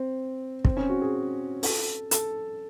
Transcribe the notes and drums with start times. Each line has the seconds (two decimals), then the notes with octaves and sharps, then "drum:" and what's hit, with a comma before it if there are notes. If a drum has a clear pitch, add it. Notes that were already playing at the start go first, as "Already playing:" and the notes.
Already playing: C4
0.65 C4, drum: kick
0.77 C#4
0.89 F#4
1.02 G#4
1.63 A4, drum: open hi-hat
2.11 A4, drum: hi-hat